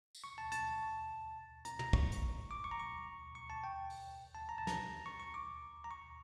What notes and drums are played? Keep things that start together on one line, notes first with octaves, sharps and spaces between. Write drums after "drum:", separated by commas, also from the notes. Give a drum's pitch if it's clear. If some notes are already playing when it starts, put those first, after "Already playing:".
drum: tambourine
C#6
A5
A5, drum: hi-hat
A#5, drum: hi-hat
A#5, drum: tom
C#6, drum: kick
drum: hi-hat
D6
C#6
A#5
C#6
C#6
A5
G5
drum: open hi-hat
A5
A#5
A5
A#5, drum: snare
C#6
C#6
D6
A#5
C#6